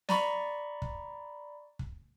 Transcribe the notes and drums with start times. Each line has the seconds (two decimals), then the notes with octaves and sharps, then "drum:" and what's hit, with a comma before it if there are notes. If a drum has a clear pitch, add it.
0.09 D5 A#5 B5 C#6, drum: snare
0.82 drum: kick
1.79 drum: kick